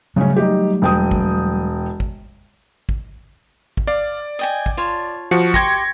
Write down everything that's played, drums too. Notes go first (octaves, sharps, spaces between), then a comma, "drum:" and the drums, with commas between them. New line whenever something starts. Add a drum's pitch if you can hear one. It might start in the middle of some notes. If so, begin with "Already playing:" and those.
C#3 F#3 G3 A3 C#4
D#4 G4
E1 G5 D#6
drum: kick
drum: kick
drum: kick
drum: kick
D5 F5
D#5 G5 G#5
drum: kick
F4 C#5 A5
F3 F#4 C#7
G4 C6 C#6 G#6 A#6, drum: kick